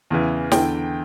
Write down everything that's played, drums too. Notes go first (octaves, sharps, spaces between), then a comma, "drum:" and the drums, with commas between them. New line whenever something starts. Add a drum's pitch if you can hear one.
E2 C#3 E3
E2 D3 G5, drum: snare